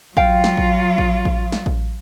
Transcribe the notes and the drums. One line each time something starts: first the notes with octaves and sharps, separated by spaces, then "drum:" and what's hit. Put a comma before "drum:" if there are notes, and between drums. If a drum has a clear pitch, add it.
F#3 F4 F5 G5, drum: kick A1
drum: snare
drum: kick A1
drum: kick A1
drum: kick A1
drum: snare
drum: kick A1